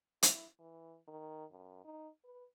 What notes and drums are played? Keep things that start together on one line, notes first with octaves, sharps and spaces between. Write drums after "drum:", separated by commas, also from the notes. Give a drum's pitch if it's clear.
E4, drum: hi-hat
E3
D#3
F#2
D#4
B4